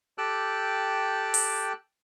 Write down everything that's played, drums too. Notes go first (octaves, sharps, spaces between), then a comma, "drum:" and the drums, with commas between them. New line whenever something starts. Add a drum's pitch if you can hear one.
G4 A4 G5 D6 E6 F#6
drum: open hi-hat